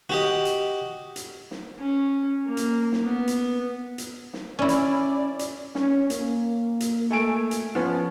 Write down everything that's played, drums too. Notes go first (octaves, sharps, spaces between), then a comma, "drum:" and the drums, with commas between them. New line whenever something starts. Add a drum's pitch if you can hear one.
F#4 G4 D#5, drum: snare
drum: hi-hat
drum: hi-hat
drum: snare
C#4
A#3
drum: hi-hat
drum: snare
B3
drum: hi-hat
drum: hi-hat
drum: snare
C#4 E4 D5
drum: hi-hat
drum: hi-hat
C#4, drum: snare
A#3, drum: hi-hat
drum: hi-hat
A3 G#5 D7
drum: hi-hat
F3 B3 C#4